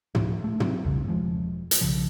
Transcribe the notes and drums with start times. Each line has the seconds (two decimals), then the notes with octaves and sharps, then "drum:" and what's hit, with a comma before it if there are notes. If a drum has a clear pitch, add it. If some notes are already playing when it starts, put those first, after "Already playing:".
0.15 D1 A2 F3, drum: tom
0.44 A3
0.60 F#3 C4, drum: tom
0.85 B1 E2 G2 C#3
1.08 E1 F2 F3 G#3
1.71 drum: hi-hat
1.81 B1 G2 C#3 F3